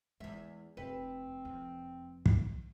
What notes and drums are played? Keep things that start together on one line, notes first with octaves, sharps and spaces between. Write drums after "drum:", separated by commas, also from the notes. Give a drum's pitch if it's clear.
E2 G#3 E4 E5
F1 F2 C4 B4
F2
drum: kick